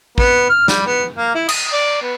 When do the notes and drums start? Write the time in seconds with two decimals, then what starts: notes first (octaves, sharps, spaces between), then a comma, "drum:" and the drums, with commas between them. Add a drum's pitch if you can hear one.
0.18 B3, drum: kick
0.49 F6
0.68 G3, drum: snare
0.86 B3
1.16 A#3
1.35 E4
1.49 D#6, drum: cymbal
1.72 D5
2.02 B3